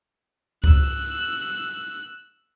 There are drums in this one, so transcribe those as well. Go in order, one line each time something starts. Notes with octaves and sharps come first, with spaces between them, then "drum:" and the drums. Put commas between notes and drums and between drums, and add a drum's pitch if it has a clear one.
E6 F#6, drum: kick C#2